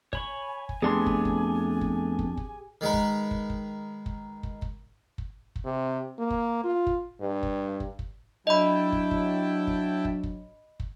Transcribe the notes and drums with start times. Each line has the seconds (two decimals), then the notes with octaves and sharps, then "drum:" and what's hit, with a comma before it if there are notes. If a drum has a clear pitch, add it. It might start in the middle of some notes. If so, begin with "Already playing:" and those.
0.13 C#5 G#5 B5 C#6, drum: kick
0.69 drum: kick
0.82 F2 A3 B3 D4 G4 G#4 C6
1.06 drum: kick
1.25 drum: kick
1.81 drum: kick
2.19 drum: kick
2.37 drum: kick
2.81 D#3 G#3 D#4 B4
2.94 drum: kick
3.31 drum: kick
3.50 drum: kick
4.06 drum: kick
4.43 drum: kick
4.62 drum: kick
5.18 drum: kick
5.56 drum: kick
5.65 C3
6.19 A#3
6.30 drum: kick
6.63 F4
6.87 drum: kick
7.21 G2
7.43 drum: kick
7.80 drum: kick
7.99 drum: kick
8.47 F#3 D4 E4 D#5 G5 A5 B5
8.92 drum: kick
9.11 drum: kick
9.67 drum: kick
10.05 drum: kick
10.23 drum: kick
10.80 drum: kick